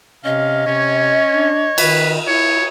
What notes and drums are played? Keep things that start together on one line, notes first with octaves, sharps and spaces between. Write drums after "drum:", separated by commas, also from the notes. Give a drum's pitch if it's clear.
C3 C#4 D#5 F5
C3 C#4 C#5
D4
D#3 B4, drum: cymbal
E4 C#5